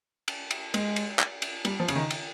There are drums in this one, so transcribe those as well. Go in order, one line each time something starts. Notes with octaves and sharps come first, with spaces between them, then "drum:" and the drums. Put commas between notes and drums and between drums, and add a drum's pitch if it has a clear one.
drum: cymbal
drum: cymbal
G#3, drum: cymbal
drum: cymbal
drum: clap
drum: cymbal
G3, drum: cymbal
F3
C#3, drum: cymbal
D#3
drum: cymbal